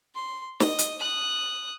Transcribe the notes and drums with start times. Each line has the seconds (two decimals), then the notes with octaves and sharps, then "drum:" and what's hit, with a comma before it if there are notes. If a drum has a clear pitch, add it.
0.15 C6
0.60 D#5, drum: snare
0.79 drum: hi-hat
1.00 D#6 F#6